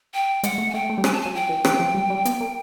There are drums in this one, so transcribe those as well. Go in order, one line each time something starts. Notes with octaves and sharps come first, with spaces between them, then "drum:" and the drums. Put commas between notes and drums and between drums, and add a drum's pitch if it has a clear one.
G5
G#3 F#5, drum: hi-hat
A3
G#5
A3 G5
A3
G3
G#3 G#5, drum: rim click
A5
F#3 G#5
F3 G5
E3
E3, drum: rim click
F3
G3
G3
B3, drum: hi-hat
A#3